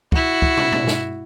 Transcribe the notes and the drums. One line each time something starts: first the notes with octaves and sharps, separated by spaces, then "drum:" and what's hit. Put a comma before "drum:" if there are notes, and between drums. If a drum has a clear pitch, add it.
E4 F#4, drum: kick
drum: kick
drum: tom
drum: tom
drum: snare